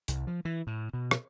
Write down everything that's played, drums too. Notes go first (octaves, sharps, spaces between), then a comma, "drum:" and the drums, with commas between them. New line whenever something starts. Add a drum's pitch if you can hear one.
C2, drum: hi-hat
F3
E3
A2
B2
drum: rim click